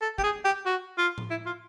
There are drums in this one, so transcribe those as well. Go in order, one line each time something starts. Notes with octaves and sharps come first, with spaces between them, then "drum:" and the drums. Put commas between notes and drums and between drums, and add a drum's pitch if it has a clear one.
A4
G4, drum: kick
G#4
G4
F#4
F4
drum: tom A2
E4
F4